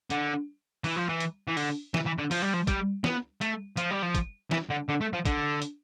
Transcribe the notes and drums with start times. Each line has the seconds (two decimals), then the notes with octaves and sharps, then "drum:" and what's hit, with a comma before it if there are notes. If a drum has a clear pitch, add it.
0.10 D3, drum: hi-hat
0.84 E3, drum: open hi-hat
0.96 F3
1.09 E3
1.20 drum: hi-hat
1.48 E3
1.57 D3, drum: open hi-hat
1.94 E3, drum: snare
2.06 E3
2.18 D3
2.31 F3, drum: open hi-hat
2.42 G3
2.54 F3
2.67 G3, drum: kick, hi-hat
3.04 B3, drum: snare
3.41 A3, drum: hi-hat
3.77 F3, drum: hi-hat
3.91 G3
4.03 F3
4.15 drum: kick, hi-hat
4.51 E3, drum: snare
4.70 D3
4.89 D3
5.01 A3
5.13 F3
5.25 D3, drum: kick, hi-hat
5.62 drum: hi-hat